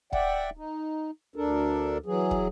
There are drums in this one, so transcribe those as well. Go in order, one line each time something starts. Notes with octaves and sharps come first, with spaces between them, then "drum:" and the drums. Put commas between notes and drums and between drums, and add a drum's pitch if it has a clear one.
D5 E5 F#5 G5, drum: kick
D#4
D2 D4 A4 A#4
E3 F#3 G#4
drum: kick